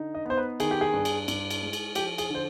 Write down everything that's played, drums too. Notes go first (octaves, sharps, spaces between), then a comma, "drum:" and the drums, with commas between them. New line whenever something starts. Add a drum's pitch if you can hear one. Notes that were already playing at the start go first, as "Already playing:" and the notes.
Already playing: D3 D#4
D#5
B3 C5
B4
D#3 G#4, drum: cymbal
G4
G#4
G2
drum: cymbal
G2, drum: cymbal
drum: cymbal
G#3
drum: cymbal
F3 G4, drum: cymbal
G#4, drum: cymbal
D3
C5